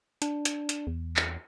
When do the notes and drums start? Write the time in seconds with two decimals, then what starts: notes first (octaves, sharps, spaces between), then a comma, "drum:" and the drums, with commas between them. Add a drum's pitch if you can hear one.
0.22 D4, drum: hi-hat
0.45 drum: hi-hat
0.69 drum: hi-hat
0.87 E2
1.17 drum: clap